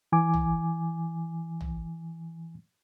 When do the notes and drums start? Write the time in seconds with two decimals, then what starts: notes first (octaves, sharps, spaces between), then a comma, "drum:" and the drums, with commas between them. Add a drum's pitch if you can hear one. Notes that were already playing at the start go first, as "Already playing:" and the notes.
0.12 E3 G#5 D6
0.34 drum: tom
1.61 drum: tom